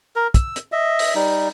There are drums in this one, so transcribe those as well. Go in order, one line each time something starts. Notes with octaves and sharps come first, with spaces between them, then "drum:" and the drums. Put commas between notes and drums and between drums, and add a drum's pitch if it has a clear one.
A#4
E6, drum: kick, hi-hat
drum: hi-hat
D#5 E5
drum: open hi-hat
G3 D#4